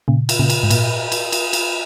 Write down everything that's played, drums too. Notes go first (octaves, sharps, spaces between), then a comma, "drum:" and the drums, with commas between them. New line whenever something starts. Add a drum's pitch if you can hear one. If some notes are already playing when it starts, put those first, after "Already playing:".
A#2 C#3
drum: cymbal
A#2 C#3
drum: cymbal
G#2
A#2, drum: cymbal
drum: cymbal
drum: cymbal
drum: cymbal